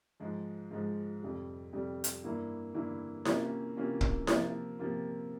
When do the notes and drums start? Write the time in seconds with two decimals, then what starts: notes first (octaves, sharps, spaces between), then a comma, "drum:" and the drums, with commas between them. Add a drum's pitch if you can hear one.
0.20 G#2 F3 G#3
0.71 G#2 F3 G#3
1.22 F2 C3 G3
1.73 F2 C3 G3
2.04 drum: hi-hat
2.24 G2 E3 A#3 E4
2.74 G2 E3 A#3 E4
3.25 C3 E3 A#3 C#4 F4, drum: snare E4
3.77 C3 E3 A#3 C#4 F4
4.01 drum: kick
4.27 C3 F3 A#3 F4, drum: snare E4
4.79 C3 F3 A#3 F4